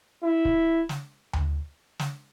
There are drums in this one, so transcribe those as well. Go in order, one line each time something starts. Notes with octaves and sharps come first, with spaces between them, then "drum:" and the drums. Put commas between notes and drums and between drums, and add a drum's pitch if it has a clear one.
E4
drum: kick
drum: snare
drum: tom D2
drum: snare